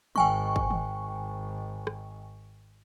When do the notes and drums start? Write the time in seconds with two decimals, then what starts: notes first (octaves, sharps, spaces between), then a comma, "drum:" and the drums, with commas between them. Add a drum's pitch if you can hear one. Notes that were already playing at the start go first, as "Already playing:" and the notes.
0.16 G#1 G5 G#5 C#6, drum: tom D#3
0.56 drum: kick
0.71 G#1, drum: tom D#3
1.87 drum: rim click